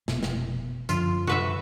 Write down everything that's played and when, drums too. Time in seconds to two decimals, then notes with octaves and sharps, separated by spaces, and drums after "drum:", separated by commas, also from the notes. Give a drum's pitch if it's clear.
0.08 F1 B2 B3, drum: snare
0.23 drum: snare
0.89 F#2 D3 F3 F4, drum: hi-hat
1.27 F#4 B4 E5, drum: tom B2